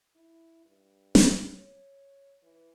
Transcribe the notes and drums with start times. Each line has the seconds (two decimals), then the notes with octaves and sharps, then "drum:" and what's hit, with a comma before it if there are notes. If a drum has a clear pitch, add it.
0.15 E4
0.65 G2
1.15 drum: snare
1.54 C#5
2.42 E3